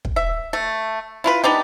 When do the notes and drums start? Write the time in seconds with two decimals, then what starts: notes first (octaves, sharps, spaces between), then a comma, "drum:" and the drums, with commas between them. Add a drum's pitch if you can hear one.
0.05 drum: kick
0.16 E5
0.53 A3
1.24 E4 F4 B4
1.44 B3 D4 D#4 G4